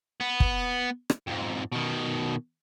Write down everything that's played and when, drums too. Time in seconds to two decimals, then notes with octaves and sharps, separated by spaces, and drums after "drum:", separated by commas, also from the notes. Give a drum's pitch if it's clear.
0.20 B3
0.40 drum: kick
1.10 drum: rim click
1.27 F2 G#2
1.72 B2 D#3